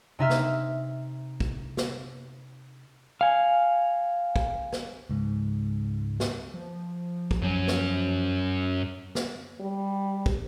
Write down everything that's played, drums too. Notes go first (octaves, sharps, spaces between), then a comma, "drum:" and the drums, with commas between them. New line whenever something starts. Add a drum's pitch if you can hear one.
C3 D#4 E5 F6
drum: snare
drum: kick
drum: snare
F5 G#5
drum: kick
drum: snare
C#2 G#2
drum: snare
F3
drum: kick
F#2 C#4
drum: snare
drum: snare
G3
drum: kick